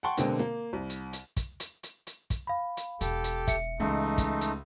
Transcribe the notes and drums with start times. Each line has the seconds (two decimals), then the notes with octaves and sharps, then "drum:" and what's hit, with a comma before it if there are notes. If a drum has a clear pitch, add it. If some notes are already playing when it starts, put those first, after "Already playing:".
0.03 F#5 G5 A5 C6 C#6
0.17 B2 D3 G#3 A#3 C4, drum: hi-hat
0.39 A#3
0.73 C2
0.90 drum: hi-hat
1.13 drum: hi-hat
1.37 drum: kick, hi-hat
1.60 drum: hi-hat
1.83 drum: hi-hat
2.07 drum: hi-hat
2.30 drum: kick, hi-hat
2.47 F5 B5
2.77 drum: hi-hat
3.01 E1 G4 A4, drum: hi-hat
3.24 drum: hi-hat
3.47 E5 C#7, drum: kick, hi-hat
3.80 C#2 E3 A3 D#4
4.18 drum: kick, hi-hat
4.41 drum: hi-hat